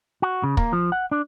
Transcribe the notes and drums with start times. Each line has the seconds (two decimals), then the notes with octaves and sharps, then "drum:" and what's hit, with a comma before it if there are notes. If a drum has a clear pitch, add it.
0.22 F#4
0.43 C#3
0.57 A#3, drum: kick
0.73 F3
0.92 F#5
1.11 D4